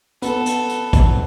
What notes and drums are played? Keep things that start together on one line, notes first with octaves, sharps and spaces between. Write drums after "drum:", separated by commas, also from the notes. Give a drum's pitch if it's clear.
B3 A4, drum: hi-hat
drum: hi-hat
drum: hi-hat
drum: kick, hi-hat